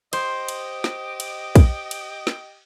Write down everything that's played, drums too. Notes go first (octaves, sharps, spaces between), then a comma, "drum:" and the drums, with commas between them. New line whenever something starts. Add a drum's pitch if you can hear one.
G4 C5 D#5, drum: cymbal
drum: cymbal
drum: snare
drum: cymbal
drum: kick, cymbal
drum: cymbal
drum: snare